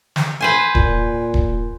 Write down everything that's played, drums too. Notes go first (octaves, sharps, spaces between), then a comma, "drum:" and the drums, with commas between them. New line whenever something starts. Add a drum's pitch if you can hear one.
drum: snare
B4 C5 G#5
A#2, drum: kick D#1
drum: kick D#1